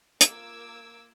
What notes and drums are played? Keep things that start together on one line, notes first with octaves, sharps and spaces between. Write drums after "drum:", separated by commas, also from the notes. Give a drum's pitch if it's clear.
A#3 F4 D6 E6 G#6 D7, drum: hi-hat